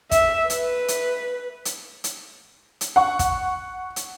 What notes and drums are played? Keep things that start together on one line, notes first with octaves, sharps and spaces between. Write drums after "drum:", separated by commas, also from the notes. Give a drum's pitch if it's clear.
E5, drum: kick, hi-hat
B4, drum: hi-hat
drum: hi-hat
drum: hi-hat
drum: hi-hat
drum: hi-hat
F#5 C#6
drum: kick, hi-hat
drum: hi-hat